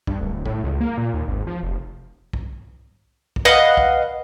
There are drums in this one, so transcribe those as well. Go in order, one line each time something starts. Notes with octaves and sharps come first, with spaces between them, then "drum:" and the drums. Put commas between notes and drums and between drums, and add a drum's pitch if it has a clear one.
G2, drum: kick
D1
A2, drum: kick
C#2
A#3
A#2
D#2
G#1
F3
F1
drum: kick
drum: kick
B4 D#5 F5 F#5
drum: kick